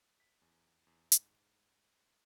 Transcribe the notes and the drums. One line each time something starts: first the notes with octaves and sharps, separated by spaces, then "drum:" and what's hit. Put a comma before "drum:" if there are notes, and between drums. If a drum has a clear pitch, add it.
B6
E2
E2
G#2, drum: hi-hat